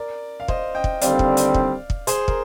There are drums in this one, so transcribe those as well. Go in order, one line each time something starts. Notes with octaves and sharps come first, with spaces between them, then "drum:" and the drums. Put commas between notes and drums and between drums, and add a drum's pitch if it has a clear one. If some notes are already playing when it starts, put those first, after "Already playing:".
Already playing: A#4 D5
F5
C5 D#5, drum: kick
D#5 G5
drum: kick
D#2 D3 G3 C4 D5 F5, drum: hi-hat
drum: kick
drum: hi-hat
drum: kick
drum: kick
G#4 C5, drum: hi-hat
A#4, drum: kick